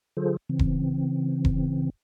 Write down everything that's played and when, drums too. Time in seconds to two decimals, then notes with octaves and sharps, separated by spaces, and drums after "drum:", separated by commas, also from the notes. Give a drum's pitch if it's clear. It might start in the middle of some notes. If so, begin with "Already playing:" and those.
0.17 D3 F#3 F4 G#4 A4 C5
0.49 C#3 E3 C4
0.59 drum: kick E1
1.45 drum: kick E1